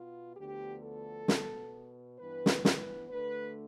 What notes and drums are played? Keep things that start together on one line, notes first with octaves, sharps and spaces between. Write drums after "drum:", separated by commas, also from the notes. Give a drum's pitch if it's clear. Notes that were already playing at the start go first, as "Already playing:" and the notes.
Already playing: B2 B3 F4
D2 D3 F3 B3 G4
A4
B2 B3, drum: snare
G2 E3 B3 B4
drum: snare
B4, drum: snare
D2 D3 A3 B4